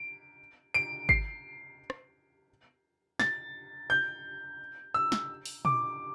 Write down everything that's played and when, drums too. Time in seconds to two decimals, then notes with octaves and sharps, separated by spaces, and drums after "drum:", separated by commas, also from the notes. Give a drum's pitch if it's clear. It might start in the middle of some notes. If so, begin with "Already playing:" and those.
Already playing: D7
0.74 D7
1.09 C7, drum: kick G#1
1.90 drum: rim click
3.20 A6, drum: snare
3.90 G6
4.94 E6
5.12 drum: snare
5.45 drum: open hi-hat
5.65 D6, drum: tom